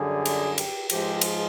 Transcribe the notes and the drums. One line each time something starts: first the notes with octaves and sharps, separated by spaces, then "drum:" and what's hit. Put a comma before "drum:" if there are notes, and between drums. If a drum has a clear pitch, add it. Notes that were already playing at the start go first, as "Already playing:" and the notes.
Already playing: F#2 D3 G3 G#4
drum: cymbal
G4, drum: cymbal
G#2 F3 G#3 G4, drum: cymbal
drum: cymbal